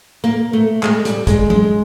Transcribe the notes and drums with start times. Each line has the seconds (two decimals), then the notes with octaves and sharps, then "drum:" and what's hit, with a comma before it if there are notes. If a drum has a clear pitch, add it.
0.24 A#3
0.53 A3
0.83 G#3, drum: clap
1.05 G3, drum: hi-hat
1.27 G#3, drum: kick, hi-hat
1.50 G#3, drum: tom F#3